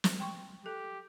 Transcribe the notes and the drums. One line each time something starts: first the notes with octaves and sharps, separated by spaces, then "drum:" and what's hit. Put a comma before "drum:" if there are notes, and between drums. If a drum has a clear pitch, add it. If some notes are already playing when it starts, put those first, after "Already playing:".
drum: snare
G5 C6 C#6
G4 A4